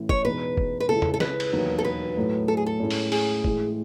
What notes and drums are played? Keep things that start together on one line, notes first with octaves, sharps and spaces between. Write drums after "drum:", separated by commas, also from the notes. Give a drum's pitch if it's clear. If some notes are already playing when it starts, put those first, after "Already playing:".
Already playing: A1 A2 E3 A3 E4
C#5, drum: kick
E2 B2 G#3 D#4 B4
drum: kick
B4
C#2 C#3 G#3 C#4 E4 A4
drum: tom
A4
B4, drum: snare
drum: cymbal
E1 D#2 D#3 F#3
A4
B4
A2 F#3 A3
A4
G#4
A4
A2 G#3 C#4 E4
drum: open hi-hat
G#4, drum: open hi-hat
A2 E3 G#3, drum: kick